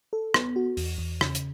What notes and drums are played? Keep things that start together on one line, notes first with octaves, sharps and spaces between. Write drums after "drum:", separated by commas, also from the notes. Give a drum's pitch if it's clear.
A4
B3, drum: rim click
F#4
E2, drum: open hi-hat
E2
C#3, drum: rim click
drum: hi-hat